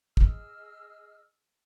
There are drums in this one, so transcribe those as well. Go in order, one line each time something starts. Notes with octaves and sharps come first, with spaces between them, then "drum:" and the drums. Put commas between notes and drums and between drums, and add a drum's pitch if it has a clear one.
G#4 D#5 E6 F6, drum: kick